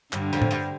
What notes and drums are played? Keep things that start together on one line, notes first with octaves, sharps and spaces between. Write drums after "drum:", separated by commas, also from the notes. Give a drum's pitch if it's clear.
G2 D3, drum: clap
F2
drum: tom
G2